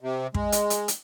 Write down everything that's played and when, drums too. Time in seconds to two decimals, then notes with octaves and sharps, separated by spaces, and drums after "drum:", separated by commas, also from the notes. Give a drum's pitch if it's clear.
0.01 C3
0.34 G#3, drum: kick
0.52 drum: hi-hat
0.70 drum: hi-hat
0.88 drum: hi-hat